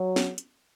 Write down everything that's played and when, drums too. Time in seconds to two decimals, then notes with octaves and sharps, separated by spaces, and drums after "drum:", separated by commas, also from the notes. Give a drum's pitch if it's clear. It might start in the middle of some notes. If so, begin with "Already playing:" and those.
Already playing: F#3
0.16 drum: snare
0.38 drum: hi-hat